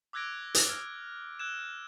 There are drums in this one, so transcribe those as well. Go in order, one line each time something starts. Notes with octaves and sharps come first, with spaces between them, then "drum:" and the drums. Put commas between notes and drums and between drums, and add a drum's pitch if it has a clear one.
D6 E6 F#6 G#6 A#6 D7
drum: hi-hat
F6 G#6
E6 F#6 G#6 E7